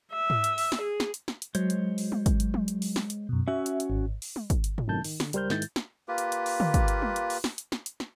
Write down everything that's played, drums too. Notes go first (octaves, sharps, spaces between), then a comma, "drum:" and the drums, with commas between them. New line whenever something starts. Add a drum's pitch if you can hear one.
E5
drum: tom G#2
drum: hi-hat
drum: open hi-hat
drum: snare
G#4
drum: snare
drum: hi-hat
drum: snare
drum: hi-hat
F#3 G#3 C5 C#5, drum: hi-hat
drum: hi-hat
drum: open hi-hat
drum: tom G3
drum: kick, hi-hat
drum: hi-hat
drum: tom G3
drum: hi-hat
drum: open hi-hat
drum: snare
drum: hi-hat
F#2 B2
C#4 F#4 E5
drum: hi-hat
drum: hi-hat
G#1
drum: open hi-hat
drum: tom G3
drum: kick, hi-hat
drum: hi-hat
drum: tom G#2
F#2 A2 C3 D#3 A5 G6
D#3, drum: open hi-hat
D3, drum: snare
C#2 G3 A#4 C5 F6 G6, drum: hi-hat
G#2 D#3 E4 G6 A6, drum: snare
drum: hi-hat
drum: snare
A#3 F4 G4 B4
drum: hi-hat
drum: hi-hat
drum: open hi-hat
drum: tom D3
drum: kick, hi-hat
drum: hi-hat
drum: tom G3
drum: hi-hat
drum: open hi-hat
drum: snare
drum: hi-hat
drum: snare
drum: hi-hat
drum: snare